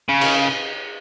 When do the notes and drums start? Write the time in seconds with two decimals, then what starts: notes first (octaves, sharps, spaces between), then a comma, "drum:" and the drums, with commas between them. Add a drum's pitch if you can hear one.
0.09 C#3
0.21 drum: cymbal